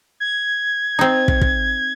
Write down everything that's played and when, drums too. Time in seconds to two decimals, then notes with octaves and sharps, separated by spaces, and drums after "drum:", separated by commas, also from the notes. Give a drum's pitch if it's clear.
0.20 G#6
0.99 C4 D#4
1.28 drum: kick
1.41 drum: kick